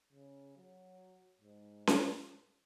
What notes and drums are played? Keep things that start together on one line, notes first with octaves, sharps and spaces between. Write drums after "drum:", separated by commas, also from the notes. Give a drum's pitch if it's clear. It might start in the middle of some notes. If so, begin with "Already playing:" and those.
C#3
F#3
G#2
drum: snare C#4